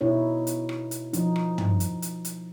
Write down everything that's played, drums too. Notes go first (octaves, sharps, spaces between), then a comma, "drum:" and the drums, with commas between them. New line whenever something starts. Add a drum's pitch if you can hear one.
B2 D#4 E4 C#5
drum: hi-hat
drum: rim click
drum: hi-hat
F3 D#4, drum: hi-hat
drum: rim click
drum: tom
drum: hi-hat
drum: hi-hat
drum: hi-hat